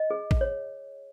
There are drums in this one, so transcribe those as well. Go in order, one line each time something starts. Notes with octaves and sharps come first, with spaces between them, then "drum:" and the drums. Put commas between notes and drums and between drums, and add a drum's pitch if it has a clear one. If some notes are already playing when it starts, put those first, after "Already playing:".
Already playing: D#5
G#4
drum: kick
C#5